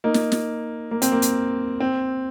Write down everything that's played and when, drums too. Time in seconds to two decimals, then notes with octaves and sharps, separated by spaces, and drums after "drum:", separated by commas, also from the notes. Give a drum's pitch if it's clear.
0.04 A#3 D#4
0.14 drum: snare
0.32 drum: snare
0.91 A#3
1.02 C4, drum: hi-hat
1.12 A#3
1.22 drum: hi-hat
1.80 C4